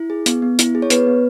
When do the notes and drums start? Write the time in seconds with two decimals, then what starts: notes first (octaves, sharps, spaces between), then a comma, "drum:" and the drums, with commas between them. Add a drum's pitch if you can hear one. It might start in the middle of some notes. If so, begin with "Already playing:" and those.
Already playing: E4
0.10 G#4
0.26 B3, drum: hi-hat
0.42 B3
0.59 E4, drum: hi-hat
0.75 G#4
0.82 C#5
0.90 B3 B4, drum: hi-hat
1.07 B3